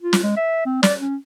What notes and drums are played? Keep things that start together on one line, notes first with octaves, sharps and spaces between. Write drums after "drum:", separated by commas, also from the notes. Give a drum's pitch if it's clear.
F4
drum: snare
G#3
E5
C4
D5, drum: snare
C#4